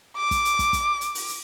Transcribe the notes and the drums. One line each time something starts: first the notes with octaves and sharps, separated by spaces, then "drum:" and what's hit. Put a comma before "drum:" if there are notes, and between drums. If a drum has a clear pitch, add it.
D6
drum: kick, hi-hat
drum: hi-hat
drum: kick, hi-hat
drum: kick, hi-hat
drum: hi-hat
drum: open hi-hat
drum: hi-hat